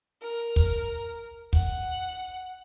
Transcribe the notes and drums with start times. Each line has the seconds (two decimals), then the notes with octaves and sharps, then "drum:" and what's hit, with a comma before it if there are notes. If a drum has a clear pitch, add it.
0.22 A#4
0.56 drum: kick
1.53 F#5, drum: kick